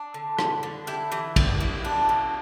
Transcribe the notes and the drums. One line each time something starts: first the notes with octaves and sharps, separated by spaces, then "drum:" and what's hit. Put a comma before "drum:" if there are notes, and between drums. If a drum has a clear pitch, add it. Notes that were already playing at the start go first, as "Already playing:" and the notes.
Already playing: D4
D3
B3, drum: rim click
D3
E4 G4
E3 G4
G3, drum: kick, cymbal
E4
D4
B2